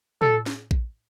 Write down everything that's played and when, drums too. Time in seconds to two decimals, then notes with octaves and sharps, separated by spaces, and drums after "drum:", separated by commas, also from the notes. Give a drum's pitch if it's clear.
0.22 A4, drum: tom
0.46 drum: snare
0.71 drum: kick A#1